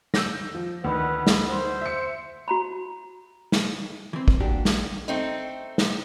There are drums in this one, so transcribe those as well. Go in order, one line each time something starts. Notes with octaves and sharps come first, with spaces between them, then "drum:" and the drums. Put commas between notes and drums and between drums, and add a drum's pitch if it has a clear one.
E6 G6 A#6, drum: snare
F3
D2 D#3 B4
drum: snare
C5
E5 C#7
F#4 A#5 B5
drum: snare
E3 C4
drum: kick
A#2 D4 F#4 G4
drum: snare
A3 C4 D#4
drum: snare